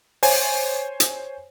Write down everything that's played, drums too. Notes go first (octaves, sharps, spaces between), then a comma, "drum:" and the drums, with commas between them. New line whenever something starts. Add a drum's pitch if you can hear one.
C5 C#5 G#5, drum: open hi-hat
drum: hi-hat